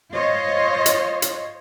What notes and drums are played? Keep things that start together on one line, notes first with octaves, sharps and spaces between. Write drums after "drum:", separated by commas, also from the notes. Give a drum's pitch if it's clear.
F4 C5 C#5 D#5
drum: hi-hat
drum: hi-hat